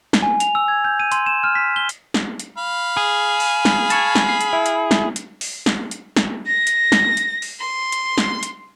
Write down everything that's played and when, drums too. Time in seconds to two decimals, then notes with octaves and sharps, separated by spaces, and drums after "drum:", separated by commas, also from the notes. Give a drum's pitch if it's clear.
0.13 drum: snare
0.23 G#5
0.40 F7, drum: hi-hat
0.55 E6
0.68 G#6
0.85 G6
1.00 D#7
1.12 C6, drum: hi-hat
1.26 E7
1.44 F6
1.55 B6
1.76 G7
1.89 drum: hi-hat
2.14 drum: snare
2.40 drum: hi-hat
2.58 F5 B5
2.97 G#4
3.40 drum: open hi-hat
3.65 drum: snare
3.90 A5 C#6 G#6, drum: hi-hat
4.15 drum: snare
4.29 C7
4.41 drum: hi-hat
4.53 E4
4.66 drum: hi-hat
4.91 drum: snare
5.16 drum: hi-hat
5.41 drum: open hi-hat
5.66 drum: snare
5.91 drum: hi-hat
6.17 drum: snare
6.46 A#6
6.67 drum: hi-hat
6.92 drum: snare
7.17 drum: hi-hat
7.42 drum: open hi-hat
7.60 C6
7.92 drum: hi-hat
8.18 drum: snare
8.43 drum: hi-hat